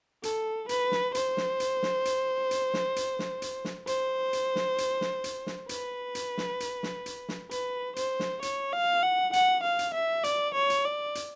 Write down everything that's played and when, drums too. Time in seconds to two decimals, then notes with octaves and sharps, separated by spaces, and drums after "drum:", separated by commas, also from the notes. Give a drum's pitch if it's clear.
0.23 A4, drum: hi-hat
0.69 B4, drum: hi-hat
0.92 drum: snare
1.15 C5, drum: hi-hat
1.37 drum: snare
1.60 drum: hi-hat
1.83 drum: snare
2.05 drum: hi-hat
2.51 drum: hi-hat
2.74 drum: snare
2.96 drum: hi-hat
3.19 drum: snare
3.42 drum: hi-hat
3.65 drum: snare
3.87 C5, drum: hi-hat
4.33 drum: hi-hat
4.56 drum: snare
4.78 drum: hi-hat
5.01 drum: snare
5.24 drum: hi-hat
5.47 drum: snare
5.69 B4, drum: hi-hat
6.15 drum: hi-hat
6.38 drum: snare
6.60 drum: hi-hat
6.83 drum: snare
7.06 drum: hi-hat
7.29 drum: snare
7.51 B4, drum: hi-hat
7.96 C5, drum: hi-hat
8.20 drum: snare
8.42 C#5, drum: hi-hat
8.73 F5
9.03 F#5
9.33 F#5, drum: hi-hat
9.63 F5
9.79 drum: hi-hat
9.94 E5
10.24 D5, drum: hi-hat
10.54 C#5
10.70 drum: hi-hat
10.85 D5
11.15 drum: hi-hat